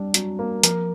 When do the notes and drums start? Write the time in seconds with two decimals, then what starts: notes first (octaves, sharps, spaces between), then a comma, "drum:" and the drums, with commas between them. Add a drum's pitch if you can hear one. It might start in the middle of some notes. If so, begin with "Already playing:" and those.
Already playing: G3 D4 G4
0.14 F#3, drum: hi-hat
0.39 A#3
0.63 F3 A#4, drum: hi-hat